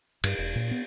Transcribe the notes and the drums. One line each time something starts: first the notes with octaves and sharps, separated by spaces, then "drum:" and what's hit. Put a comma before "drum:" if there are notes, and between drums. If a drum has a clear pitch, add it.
G2, drum: cymbal
E1
A#2
B3